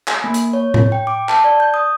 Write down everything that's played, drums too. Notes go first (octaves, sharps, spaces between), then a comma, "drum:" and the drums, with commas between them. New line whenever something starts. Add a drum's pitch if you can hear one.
G#5, drum: clap
A#3
drum: hi-hat
C#5
drum: tom A2
G5
D6
A5, drum: clap
D5
G6
D#6